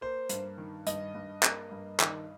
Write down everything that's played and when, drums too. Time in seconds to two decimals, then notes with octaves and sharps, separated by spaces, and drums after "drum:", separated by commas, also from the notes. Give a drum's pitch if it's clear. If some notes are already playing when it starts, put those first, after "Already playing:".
0.01 A#3 C5
0.29 G2, drum: hi-hat
0.58 D#3
0.87 G2 D#5, drum: hi-hat
1.15 G2
1.43 A#3, drum: clap
1.71 G2
2.00 D#3, drum: clap